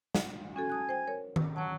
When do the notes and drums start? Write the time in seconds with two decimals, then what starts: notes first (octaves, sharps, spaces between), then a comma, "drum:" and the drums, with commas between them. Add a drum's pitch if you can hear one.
0.15 drum: snare
0.56 C#4 F#4 A4 G#5
0.70 A5 D#6 F#6
0.89 C5 G5
1.07 A#4 C#5
1.36 drum: tom D#3
1.56 F#3 C#5 F#5 A5